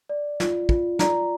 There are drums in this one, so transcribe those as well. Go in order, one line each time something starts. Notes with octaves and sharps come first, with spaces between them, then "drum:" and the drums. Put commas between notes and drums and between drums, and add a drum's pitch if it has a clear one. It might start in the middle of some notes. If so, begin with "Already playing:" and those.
D5
F4, drum: snare
F4, drum: kick
D5 A#5, drum: snare